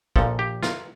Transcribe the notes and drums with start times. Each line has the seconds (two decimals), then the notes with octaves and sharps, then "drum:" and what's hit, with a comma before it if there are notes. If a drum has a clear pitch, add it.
0.16 A#1 A#2 F3 A4, drum: kick
0.39 G4
0.63 F4, drum: snare